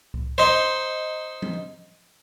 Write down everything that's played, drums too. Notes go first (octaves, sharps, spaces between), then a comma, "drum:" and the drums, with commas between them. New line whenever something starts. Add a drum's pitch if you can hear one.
drum: kick C2
D#4 C5
drum: tom F3